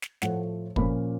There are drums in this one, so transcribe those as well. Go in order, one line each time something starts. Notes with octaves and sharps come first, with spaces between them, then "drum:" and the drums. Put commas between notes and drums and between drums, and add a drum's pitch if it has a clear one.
drum: snare
A2 F3 A3 F#5, drum: snare
A#2 F3 A#3 C#4 B5, drum: kick